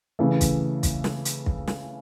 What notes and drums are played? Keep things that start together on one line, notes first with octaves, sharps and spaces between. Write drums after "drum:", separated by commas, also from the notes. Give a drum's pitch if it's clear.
C#3 E3 A3
drum: kick, hi-hat
drum: kick, hi-hat
drum: snare
drum: hi-hat
drum: kick
drum: snare